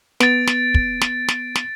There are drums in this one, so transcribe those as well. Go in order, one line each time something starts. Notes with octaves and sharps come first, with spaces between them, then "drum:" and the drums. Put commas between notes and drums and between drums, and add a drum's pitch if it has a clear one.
B3 A6 D7, drum: snare
drum: snare
drum: kick
drum: snare
drum: snare
drum: snare